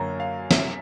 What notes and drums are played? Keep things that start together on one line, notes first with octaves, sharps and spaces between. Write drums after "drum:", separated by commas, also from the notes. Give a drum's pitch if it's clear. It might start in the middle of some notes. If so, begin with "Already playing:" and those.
Already playing: F#2 D3 F#3 A#3 C#4 A#5
F5
E5, drum: snare